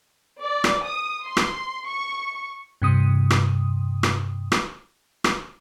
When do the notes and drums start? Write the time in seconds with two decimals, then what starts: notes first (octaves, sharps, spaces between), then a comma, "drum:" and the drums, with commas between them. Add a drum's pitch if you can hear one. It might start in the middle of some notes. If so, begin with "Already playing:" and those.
0.40 D5
0.64 drum: rim click
0.84 D#6
1.23 C6
1.37 drum: rim click
1.85 C#6
2.82 G2 C3 D#6
3.30 drum: rim click
4.03 drum: rim click
4.52 drum: rim click
5.24 drum: rim click